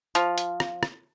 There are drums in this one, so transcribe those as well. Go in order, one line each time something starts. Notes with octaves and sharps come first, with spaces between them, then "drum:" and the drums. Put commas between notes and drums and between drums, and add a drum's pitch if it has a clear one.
F3, drum: hi-hat
drum: hi-hat
drum: rim click
drum: rim click